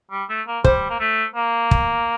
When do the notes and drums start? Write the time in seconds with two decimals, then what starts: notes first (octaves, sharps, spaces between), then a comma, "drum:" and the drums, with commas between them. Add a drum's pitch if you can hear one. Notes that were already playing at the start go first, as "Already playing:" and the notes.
0.11 G3
0.29 A3
0.47 A#3
0.64 G3 C5, drum: kick
0.90 A#3
1.00 A3
1.36 A#3
1.71 drum: kick